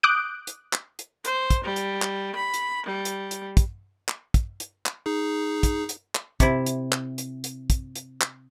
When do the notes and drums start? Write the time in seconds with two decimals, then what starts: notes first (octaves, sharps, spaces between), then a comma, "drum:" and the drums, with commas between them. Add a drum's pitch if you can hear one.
0.03 D6 D#6 F#6 G6 D7
0.47 drum: hi-hat
0.73 drum: clap
0.99 drum: hi-hat
1.25 C5, drum: hi-hat
1.50 drum: kick, hi-hat
1.64 G3
1.76 drum: hi-hat
2.02 drum: clap
2.36 B5
2.54 drum: hi-hat
2.86 G3
3.05 drum: hi-hat
3.31 drum: hi-hat
3.57 drum: kick, hi-hat
4.08 drum: clap
4.34 drum: kick, hi-hat
4.60 drum: hi-hat
4.86 drum: clap
5.06 D#4 G#4
5.63 drum: kick, hi-hat
5.89 drum: hi-hat
6.15 drum: clap
6.40 C3 E4, drum: kick, hi-hat
6.66 drum: hi-hat
6.92 drum: clap
7.18 drum: hi-hat
7.44 drum: hi-hat
7.70 drum: kick, hi-hat
7.95 drum: hi-hat
8.21 drum: clap